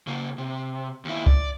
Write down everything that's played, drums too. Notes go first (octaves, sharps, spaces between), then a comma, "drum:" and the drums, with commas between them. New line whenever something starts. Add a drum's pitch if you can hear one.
C#3 A#3
C3
D#2 E4
D5, drum: kick C2